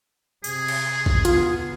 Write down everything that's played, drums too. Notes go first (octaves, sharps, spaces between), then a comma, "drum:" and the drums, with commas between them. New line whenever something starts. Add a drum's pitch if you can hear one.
C3 G#4, drum: tambourine
drum: cymbal
drum: kick A1
D3 B3 F4, drum: hi-hat